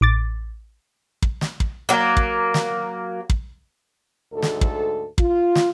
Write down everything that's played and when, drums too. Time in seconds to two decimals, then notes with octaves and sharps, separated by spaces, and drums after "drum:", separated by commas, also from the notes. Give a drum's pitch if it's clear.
0.01 A1 D6 A6
1.22 drum: kick
1.41 drum: snare
1.60 drum: kick
1.89 F#3 A#3
2.17 drum: kick
2.54 drum: snare
3.30 drum: kick
4.32 D2 G#2 A4
4.42 drum: snare
4.61 drum: kick
5.18 F4, drum: kick
5.55 drum: snare